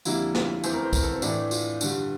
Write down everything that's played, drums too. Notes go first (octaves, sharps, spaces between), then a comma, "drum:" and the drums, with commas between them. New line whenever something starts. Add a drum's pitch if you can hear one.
F2 D3 G3 A#3 E4, drum: tambourine
F4, drum: snare
E2 E3 A3 C4 C5, drum: tambourine
A#4
C5
A#4, drum: kick, tambourine
A4
C4
A2 E3 A3 D4, drum: tambourine
F4, drum: tambourine
G2 D3 G3, drum: tambourine